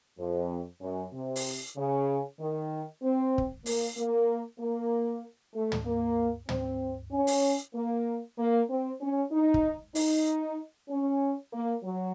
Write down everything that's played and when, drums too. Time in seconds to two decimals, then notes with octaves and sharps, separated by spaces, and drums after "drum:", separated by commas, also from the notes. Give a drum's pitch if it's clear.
0.19 F2
0.81 F#2
1.13 C3
1.36 drum: open hi-hat
1.77 C#3
2.39 D#3
3.03 C4
3.38 drum: kick
3.66 A#3, drum: open hi-hat
3.97 A#3
4.59 A#3
5.54 A3
5.72 drum: tom
5.85 A#3
6.49 C4, drum: tom
7.12 C#4
7.27 drum: open hi-hat
7.74 A#3
8.38 A#3
8.70 C4
9.01 C#4
9.31 D#4
9.54 drum: kick
9.95 D#4, drum: open hi-hat
10.89 C#4
11.53 A#3
11.84 F#3